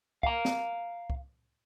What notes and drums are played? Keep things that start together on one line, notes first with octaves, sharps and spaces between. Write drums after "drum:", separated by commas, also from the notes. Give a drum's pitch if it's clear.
F5 A#5, drum: kick
drum: snare
drum: kick